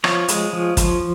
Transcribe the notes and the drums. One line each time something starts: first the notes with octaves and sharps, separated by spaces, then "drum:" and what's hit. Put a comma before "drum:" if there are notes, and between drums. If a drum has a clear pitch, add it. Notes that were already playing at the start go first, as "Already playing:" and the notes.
F3 C#5, drum: rim click
G#3, drum: hi-hat
F3
F3, drum: kick, hi-hat